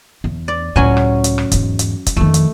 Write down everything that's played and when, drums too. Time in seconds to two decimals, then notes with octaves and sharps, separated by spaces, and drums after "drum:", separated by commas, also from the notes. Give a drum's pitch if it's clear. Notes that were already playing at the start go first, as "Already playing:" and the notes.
0.24 E2
0.48 D5
0.76 C#2 A2 F#3 C#4 G#5
0.97 drum: rim click
1.24 drum: hi-hat
1.38 drum: rim click
1.52 E2 G#2, drum: kick, hi-hat
1.79 drum: hi-hat
2.06 drum: kick, hi-hat
2.17 F2 D#3 A3
2.34 drum: hi-hat